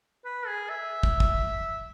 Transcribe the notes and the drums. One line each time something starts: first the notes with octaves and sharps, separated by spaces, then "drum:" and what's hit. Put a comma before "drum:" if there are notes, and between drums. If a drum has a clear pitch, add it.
B4
G#4
E5
drum: kick
drum: kick